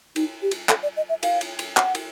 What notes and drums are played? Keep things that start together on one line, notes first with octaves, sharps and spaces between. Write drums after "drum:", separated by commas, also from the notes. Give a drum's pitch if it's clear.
D#4, drum: cymbal
G4
drum: cymbal
A4, drum: clap
D5
D#5
E5
F5, drum: cymbal
drum: cymbal
drum: cymbal
F#5, drum: clap
drum: cymbal